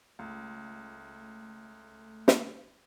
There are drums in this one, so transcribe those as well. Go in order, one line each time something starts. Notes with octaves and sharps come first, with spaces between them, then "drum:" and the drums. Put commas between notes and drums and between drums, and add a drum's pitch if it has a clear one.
C#2 A3
drum: snare